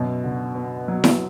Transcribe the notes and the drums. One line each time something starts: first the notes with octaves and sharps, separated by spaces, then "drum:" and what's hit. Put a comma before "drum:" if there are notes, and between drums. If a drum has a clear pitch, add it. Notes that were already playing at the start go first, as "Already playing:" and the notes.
Already playing: F#2 B2
D3
B3
F#3
drum: snare E4